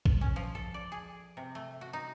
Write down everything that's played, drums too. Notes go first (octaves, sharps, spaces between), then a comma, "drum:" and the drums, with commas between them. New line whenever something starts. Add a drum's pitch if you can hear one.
drum: kick
C#4
F3
A4
D5
G#4
C3
A3
F#4
D#4